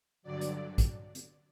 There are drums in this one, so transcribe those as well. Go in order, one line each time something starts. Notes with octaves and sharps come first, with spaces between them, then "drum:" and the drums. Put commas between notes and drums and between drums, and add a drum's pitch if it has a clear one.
G2 D3 F#3 D5
drum: hi-hat
drum: kick, hi-hat
drum: hi-hat